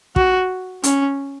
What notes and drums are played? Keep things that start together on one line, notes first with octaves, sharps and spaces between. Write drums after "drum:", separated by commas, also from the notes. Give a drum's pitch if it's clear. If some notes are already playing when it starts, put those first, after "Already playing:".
F#4, drum: kick
C#4, drum: hi-hat